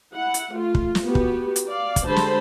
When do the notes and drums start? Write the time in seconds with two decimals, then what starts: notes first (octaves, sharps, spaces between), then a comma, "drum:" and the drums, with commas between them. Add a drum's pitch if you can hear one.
0.14 E4 F#5
0.34 drum: hi-hat
0.54 A3 F4
0.75 drum: kick
0.95 drum: snare
1.05 B3 F#4 G4
1.15 drum: kick
1.56 drum: hi-hat
1.70 D5 F5
1.96 drum: kick, hi-hat
2.06 D3 G3 G#3 C5 A5 B5
2.16 drum: snare